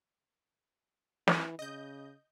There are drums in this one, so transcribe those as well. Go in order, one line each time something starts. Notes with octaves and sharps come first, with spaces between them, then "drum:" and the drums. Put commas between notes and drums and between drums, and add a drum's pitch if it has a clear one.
E3, drum: snare
C#3 D#5 G6